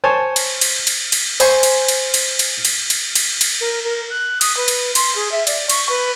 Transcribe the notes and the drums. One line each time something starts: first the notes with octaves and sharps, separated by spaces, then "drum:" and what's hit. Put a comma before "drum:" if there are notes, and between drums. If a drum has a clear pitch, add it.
C5 C#5 G#5 A5
drum: cymbal
drum: cymbal
drum: cymbal
drum: cymbal
C5 G#5 C6 C#6, drum: cymbal
drum: cymbal
drum: cymbal
drum: cymbal
drum: cymbal
drum: cymbal
drum: cymbal
drum: cymbal
drum: cymbal
A#4
A#4
F#6
D#6, drum: cymbal
B4
drum: cymbal
C6, drum: cymbal
G#4
E5
D5, drum: cymbal
C#6, drum: cymbal
B4